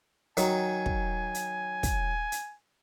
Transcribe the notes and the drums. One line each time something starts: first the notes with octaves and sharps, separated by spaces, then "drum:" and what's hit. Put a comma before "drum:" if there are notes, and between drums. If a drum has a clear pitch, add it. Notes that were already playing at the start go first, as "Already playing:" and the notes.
D#3 F#3 G#5, drum: hi-hat
drum: kick
drum: hi-hat
drum: kick, hi-hat
drum: hi-hat